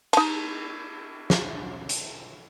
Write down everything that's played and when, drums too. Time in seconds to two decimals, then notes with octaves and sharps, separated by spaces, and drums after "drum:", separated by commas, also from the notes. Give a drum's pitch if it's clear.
0.13 D#4 A5, drum: cymbal
1.30 drum: snare
1.89 drum: hi-hat